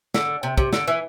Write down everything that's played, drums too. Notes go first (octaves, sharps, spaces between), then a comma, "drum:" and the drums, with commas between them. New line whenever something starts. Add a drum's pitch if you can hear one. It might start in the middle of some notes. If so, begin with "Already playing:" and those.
D3, drum: snare
C3
C3, drum: kick
D3, drum: snare
E3